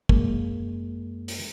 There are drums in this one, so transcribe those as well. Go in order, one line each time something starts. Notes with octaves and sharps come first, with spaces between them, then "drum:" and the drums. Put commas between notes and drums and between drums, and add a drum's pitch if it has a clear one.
F#2 G#3 A#3, drum: kick
drum: open hi-hat